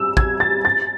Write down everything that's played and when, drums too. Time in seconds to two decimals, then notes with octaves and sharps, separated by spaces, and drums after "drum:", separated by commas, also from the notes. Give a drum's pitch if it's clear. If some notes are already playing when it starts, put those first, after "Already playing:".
Already playing: E6
0.17 G#6, drum: kick
0.40 A6
0.65 A6